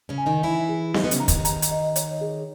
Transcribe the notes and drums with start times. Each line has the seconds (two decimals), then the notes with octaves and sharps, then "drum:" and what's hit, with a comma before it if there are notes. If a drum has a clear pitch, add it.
0.09 C#3 C#4
0.18 G#5
0.26 D#3 D#4
0.43 E3 E4 G#5
0.69 G#4
0.94 D#3 D#4 G4, drum: snare B3
1.04 B3
1.11 C#3 C#4, drum: hi-hat
1.20 A#5
1.28 D#3 D#4, drum: kick, hi-hat
1.45 A#5, drum: hi-hat
1.62 drum: hi-hat
1.71 D#5
1.96 C#5, drum: hi-hat
2.21 G#4